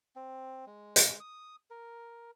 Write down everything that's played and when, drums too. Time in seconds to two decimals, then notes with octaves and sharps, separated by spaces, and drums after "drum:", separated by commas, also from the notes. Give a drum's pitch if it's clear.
0.16 C4
0.67 G#3
0.96 drum: hi-hat
1.20 D#6
1.70 A#4